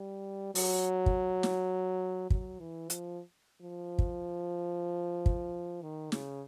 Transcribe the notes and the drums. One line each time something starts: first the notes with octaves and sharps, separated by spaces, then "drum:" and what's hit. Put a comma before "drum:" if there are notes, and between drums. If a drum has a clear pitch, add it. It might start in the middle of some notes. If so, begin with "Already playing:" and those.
Already playing: G3
F#3, drum: open hi-hat
drum: kick
drum: snare
F#3, drum: kick
E3
F3, drum: hi-hat
F3
drum: kick
drum: kick
D#3
C#3, drum: snare